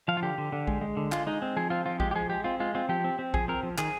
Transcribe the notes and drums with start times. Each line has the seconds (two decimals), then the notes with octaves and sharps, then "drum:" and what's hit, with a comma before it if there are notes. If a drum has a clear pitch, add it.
0.08 F3 F5
0.17 F4
0.23 D3 G4
0.38 D3
0.52 D3
0.67 G#3, drum: kick A#1
0.81 G#3
0.97 D3
1.12 G#3 F4, drum: clap
1.27 G#3 D#4
1.42 C4
1.57 F3 G#4
1.70 C4 F4
1.86 F3 F4
2.00 G#3 G4, drum: kick A#1
2.11 G4
2.15 F3 G#4
2.30 G#3 G4
2.44 C4 F4
2.60 G#3 F4
2.75 C4 F4
2.89 F3 G4
3.04 C4
3.19 C4
3.34 F3 G#4, drum: kick A#1
3.48 C4 A#4
3.63 F3
3.78 D#3 G#4, drum: clap